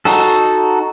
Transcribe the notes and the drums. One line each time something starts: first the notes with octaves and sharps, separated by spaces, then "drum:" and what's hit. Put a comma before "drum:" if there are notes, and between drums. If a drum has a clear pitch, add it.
D#4 F#4 A4, drum: open hi-hat